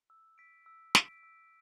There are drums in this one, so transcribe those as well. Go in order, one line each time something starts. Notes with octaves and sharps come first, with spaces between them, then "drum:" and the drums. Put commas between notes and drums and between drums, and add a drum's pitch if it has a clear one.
E6
B6 D7
E6
B6 D7, drum: snare
E6